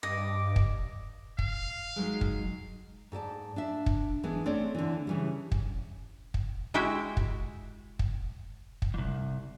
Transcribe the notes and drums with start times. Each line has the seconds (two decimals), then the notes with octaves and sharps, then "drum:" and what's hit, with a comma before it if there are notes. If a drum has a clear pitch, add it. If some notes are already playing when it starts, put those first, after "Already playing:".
0.03 G2 D#5 D6
0.56 drum: kick
1.39 F5, drum: kick
1.96 D#3 F#3 G#3
2.21 drum: kick
3.12 G#2 A4 D5 A5
3.56 D4 E5
3.86 drum: kick
4.23 E3 G#3 B3 D4
4.46 A3 C4 C#4 A4 C#5 D5
4.75 D3 E3
5.07 C#3 E3 G3
5.52 drum: kick
6.34 drum: kick
6.74 G#3 E4 F#4 G4 E5
7.17 drum: kick
7.99 drum: kick
8.82 drum: kick
8.94 C2 F2